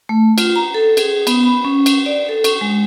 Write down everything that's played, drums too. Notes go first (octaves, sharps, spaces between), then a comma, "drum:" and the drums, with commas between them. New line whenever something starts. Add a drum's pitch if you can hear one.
A3
F4, drum: cymbal
A#5
A4
G#4, drum: cymbal
B3, drum: cymbal
B5
C#4
drum: cymbal
D5
A4
C#6, drum: cymbal
G#3